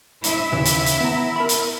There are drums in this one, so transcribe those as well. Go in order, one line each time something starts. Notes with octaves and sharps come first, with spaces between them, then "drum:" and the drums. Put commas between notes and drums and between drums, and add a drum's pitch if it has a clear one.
E4 E5, drum: hi-hat
D#2 C#3 E3
drum: hi-hat
drum: hi-hat
B3 A#5
A#4 A5 B5
drum: hi-hat